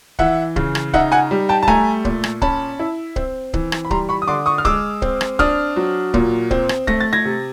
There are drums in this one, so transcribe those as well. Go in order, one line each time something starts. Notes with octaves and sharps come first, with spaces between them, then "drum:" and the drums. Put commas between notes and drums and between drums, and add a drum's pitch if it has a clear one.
E3 E5 F#5, drum: kick C#1
C#3, drum: kick C#1
drum: rim click
D#4 E5 F#5, drum: kick C#1
F#5 G#5
G3
G5 A5
A5
A3 G#5 A#5, drum: kick C#1
A#2, drum: kick C#1
drum: rim click
C#4 A5 B5, drum: kick C#1
E4
C4, drum: kick C#1
E3, drum: kick C#1
drum: rim click
B5
G3 A#5 C6, drum: kick C#1
B5 C#6
D#6
D3 C6 D6
C#6 D#6
F6
G#3 D6 E6, drum: kick C#1
C4, drum: kick C#1
drum: rim click
D4 D#6 F6, drum: kick C#1
F#3
A#2, drum: kick C#1
C4, drum: kick C#1
drum: rim click
A3 A#6, drum: kick C#1
A6
G#6 A#6
C3